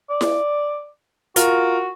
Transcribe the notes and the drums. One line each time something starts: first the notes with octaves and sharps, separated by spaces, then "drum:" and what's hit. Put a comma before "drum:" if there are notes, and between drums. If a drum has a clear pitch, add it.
D5
drum: snare E4
F4 F#4 A#4, drum: hi-hat